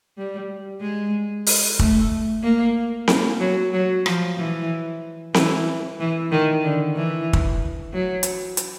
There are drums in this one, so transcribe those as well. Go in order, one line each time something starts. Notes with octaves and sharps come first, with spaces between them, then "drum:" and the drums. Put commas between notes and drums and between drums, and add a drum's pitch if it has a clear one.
G3
G#3
drum: open hi-hat
A3, drum: kick
A#3
A#3, drum: snare C4
F#3
F#3
F3, drum: rim click
E3
E3, drum: snare C4
E3
D#3
D3
E3
drum: kick
F#3
drum: hi-hat
drum: hi-hat